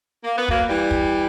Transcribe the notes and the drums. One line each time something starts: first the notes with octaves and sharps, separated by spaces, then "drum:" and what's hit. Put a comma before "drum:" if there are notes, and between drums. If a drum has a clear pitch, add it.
A#3
B3
F#3 A#3, drum: kick
E3 G3
drum: kick